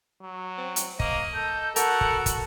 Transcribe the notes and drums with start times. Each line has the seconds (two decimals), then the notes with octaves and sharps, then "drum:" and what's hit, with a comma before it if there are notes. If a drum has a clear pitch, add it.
0.22 F#3
0.58 C4
0.76 drum: hi-hat
1.00 A#3 D#5, drum: kick
1.34 A4 G6
1.76 F#4 A4 A#4 F#5, drum: hi-hat
2.01 drum: kick
2.26 drum: kick, hi-hat